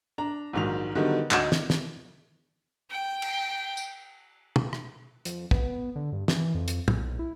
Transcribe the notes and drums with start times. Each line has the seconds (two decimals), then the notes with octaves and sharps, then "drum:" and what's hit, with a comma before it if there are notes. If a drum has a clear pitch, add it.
0.18 D4 A#5
0.53 A#1 G#2 D#3 F#3 F7
0.95 D3 D#3 F#3 G3 B3 D#4
1.31 D2 D#4 F#5 G6 G#6 E7, drum: clap
1.52 drum: snare
1.70 drum: snare
2.90 G5
3.22 drum: cymbal
3.77 drum: tambourine
4.56 drum: tom
4.73 drum: rim click
5.25 F2, drum: hi-hat
5.51 B3, drum: kick
5.96 D3
6.12 G2
6.28 E3, drum: snare
6.55 F2
6.68 drum: hi-hat
6.88 B1, drum: tom
7.19 E4